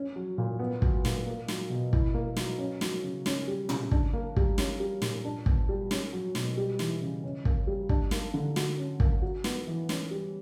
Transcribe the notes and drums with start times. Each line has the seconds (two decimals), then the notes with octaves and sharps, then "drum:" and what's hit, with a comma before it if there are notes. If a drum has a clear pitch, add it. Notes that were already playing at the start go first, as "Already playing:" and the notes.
Already playing: C#4
0.16 F#3
0.38 A#2
0.59 B3
0.82 F#3, drum: kick
1.05 A#2, drum: snare
1.26 A#3
1.48 F#3, drum: snare
1.70 B2
1.93 E4, drum: kick
2.14 A#3
2.36 F#3, drum: snare
2.58 C#4
2.81 F#3, drum: snare
3.04 C#3
3.26 C#4, drum: snare
3.47 G3
3.69 C#3, drum: tom
3.91 D4, drum: kick
4.13 A#3
4.36 G3, drum: kick
4.58 C#4, drum: snare
4.80 G3
5.02 A#2, drum: snare
5.25 D4
5.46 B3, drum: kick
5.69 G3
5.91 C#4, drum: snare
6.13 F#3
6.35 B2, drum: snare
6.57 G3
6.79 E3, drum: snare
7.02 C#3
7.24 C#4
7.45 A#3, drum: kick
7.67 G3
7.89 D4, drum: kick
8.11 A#3, drum: snare
8.34 D3
8.56 F#4, drum: snare
8.78 C#4
9.00 A#3, drum: kick
9.22 F#4
9.44 B3, drum: snare
9.67 E3
9.89 C#4, drum: snare
10.11 G3